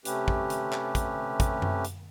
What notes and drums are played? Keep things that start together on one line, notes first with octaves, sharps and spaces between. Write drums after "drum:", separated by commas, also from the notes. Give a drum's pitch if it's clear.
C3 A3 C#4 G4 B4, drum: hi-hat
drum: kick
drum: hi-hat
drum: clap
drum: kick, hi-hat
drum: kick, hi-hat
drum: tom F#2
drum: hi-hat